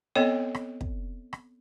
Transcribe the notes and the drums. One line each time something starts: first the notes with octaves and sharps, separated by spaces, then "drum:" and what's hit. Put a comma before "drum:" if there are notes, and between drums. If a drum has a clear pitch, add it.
B3 C4 A4 C#5 D#5
drum: rim click
drum: kick
drum: rim click